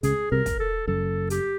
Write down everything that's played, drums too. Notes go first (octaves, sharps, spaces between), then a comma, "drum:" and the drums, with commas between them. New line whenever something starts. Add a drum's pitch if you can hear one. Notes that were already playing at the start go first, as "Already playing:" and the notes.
C#2 C#3 G#4, drum: hi-hat
C2 C3 A#4
drum: kick, hi-hat
A4
F#1 F#2 A4
G4, drum: hi-hat